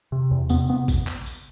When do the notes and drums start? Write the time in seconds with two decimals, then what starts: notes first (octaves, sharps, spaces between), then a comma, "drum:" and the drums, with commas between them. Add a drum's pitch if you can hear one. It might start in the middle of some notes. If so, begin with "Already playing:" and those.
0.12 C3
0.31 E2
0.49 C3 B3, drum: tambourine
0.69 C3 B3
0.88 drum: kick A1, tambourine
1.07 drum: clap
1.26 drum: tambourine